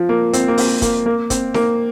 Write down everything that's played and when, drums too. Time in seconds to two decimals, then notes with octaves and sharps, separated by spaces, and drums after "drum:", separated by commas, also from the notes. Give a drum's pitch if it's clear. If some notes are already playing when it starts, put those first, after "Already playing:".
Already playing: F3
0.09 A#3
0.33 C4, drum: hi-hat
0.48 A#3
0.58 C4, drum: open hi-hat
0.82 A#3, drum: kick, hi-hat
1.06 A#3
1.30 C4, drum: kick, hi-hat
1.54 A#3, drum: snare D#4